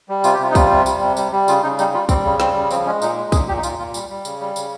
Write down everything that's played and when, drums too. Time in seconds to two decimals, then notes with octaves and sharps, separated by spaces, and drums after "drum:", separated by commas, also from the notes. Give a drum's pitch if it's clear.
0.09 G3
0.24 C3 F4, drum: tambourine
0.33 G4
0.39 C3 F4
0.51 D#4
0.55 G3 F4, drum: kick, tambourine
0.71 C3
0.86 G3, drum: tambourine
1.02 C3
1.17 G3, drum: tambourine
1.32 G3
1.48 C#3 F4, drum: tambourine
1.63 C#3 D#4
1.79 G3 D#4, drum: tambourine
1.93 G3 F4
2.09 G3 C4, drum: kick, tambourine
2.24 C#3
2.40 G3 C4, drum: snare
2.55 C#3
2.71 F3 C4, drum: tambourine
2.86 G#3 C#4
3.02 A#2 D#4, drum: tambourine
3.17 G#3
3.32 A#2 G#4, drum: kick, tambourine
3.48 A#2 G4
3.58 D#4
3.63 A#2 F4, drum: tambourine
3.79 A#2 F4
3.94 G3, drum: tambourine
4.09 G3
4.25 C#3, drum: tambourine
4.41 G3
4.56 C#3, drum: tambourine